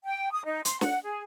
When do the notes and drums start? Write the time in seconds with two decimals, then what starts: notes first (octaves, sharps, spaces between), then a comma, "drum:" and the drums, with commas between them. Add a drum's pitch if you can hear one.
0.04 G5
0.32 D#6
0.45 D#4
0.65 C6, drum: hi-hat
0.81 F#5, drum: snare
1.03 G#4